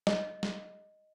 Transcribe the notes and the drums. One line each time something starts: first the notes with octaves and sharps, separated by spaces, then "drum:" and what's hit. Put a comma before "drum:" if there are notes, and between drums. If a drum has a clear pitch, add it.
D#5, drum: snare
drum: snare